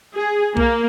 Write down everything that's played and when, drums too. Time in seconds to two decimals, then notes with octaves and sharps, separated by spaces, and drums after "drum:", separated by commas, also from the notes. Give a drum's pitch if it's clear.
0.15 G#4
0.57 A#3, drum: kick B1